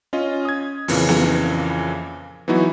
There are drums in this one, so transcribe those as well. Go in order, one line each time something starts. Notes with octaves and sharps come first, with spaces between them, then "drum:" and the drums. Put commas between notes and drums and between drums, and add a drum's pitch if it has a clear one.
C#4 F4 D#5
D#6 G#6
F2 A#2 C#3 E3, drum: open hi-hat
drum: snare B3
E3 F#3 B3 D#4 E4 F#4